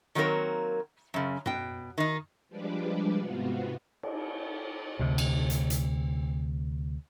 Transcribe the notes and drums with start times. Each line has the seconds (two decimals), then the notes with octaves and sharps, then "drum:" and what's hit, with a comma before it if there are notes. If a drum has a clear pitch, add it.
0.15 D#3 F#3 A#3 C4 A#4 C#5
1.14 F#2 C#3
1.46 B2 G5, drum: tom F#2
1.98 D#3 D#4
2.49 F3 G3 G#3 D4 B4 D5
3.18 G#2 C3 B3 F4 F#4
4.03 drum: cymbal
4.99 D2 C3
5.18 drum: cymbal
5.50 drum: hi-hat
5.70 drum: hi-hat